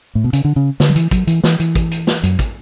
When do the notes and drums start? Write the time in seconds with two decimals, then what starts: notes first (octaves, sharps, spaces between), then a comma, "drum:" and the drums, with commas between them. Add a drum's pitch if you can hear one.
0.15 A2
0.24 B2
0.33 C#3, drum: hi-hat
0.45 D3
0.56 C#3
0.80 D3, drum: snare
0.89 F#3
0.96 E3, drum: hi-hat
1.11 F#3, drum: kick, hi-hat
1.27 E3, drum: hi-hat
1.44 E3, drum: snare
1.60 E3, drum: hi-hat
1.75 drum: kick, hi-hat
1.91 drum: hi-hat
2.07 drum: snare
2.23 F#2, drum: hi-hat
2.39 drum: kick, hi-hat